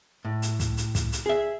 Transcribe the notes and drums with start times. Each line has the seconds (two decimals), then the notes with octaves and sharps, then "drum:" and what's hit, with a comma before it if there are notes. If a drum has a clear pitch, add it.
0.25 A2
0.42 drum: hi-hat
0.60 drum: kick, hi-hat
0.77 drum: hi-hat
0.95 drum: kick, hi-hat
1.12 drum: hi-hat
1.26 G#4 E5